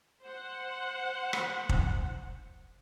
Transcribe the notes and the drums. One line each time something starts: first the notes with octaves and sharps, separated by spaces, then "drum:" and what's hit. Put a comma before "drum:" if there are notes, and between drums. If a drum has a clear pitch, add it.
C5 F#5
drum: rim click
drum: kick